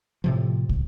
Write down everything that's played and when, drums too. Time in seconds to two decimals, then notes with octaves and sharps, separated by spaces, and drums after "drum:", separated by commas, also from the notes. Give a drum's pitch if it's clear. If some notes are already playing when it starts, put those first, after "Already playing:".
0.24 A2 C3 F3
0.69 drum: kick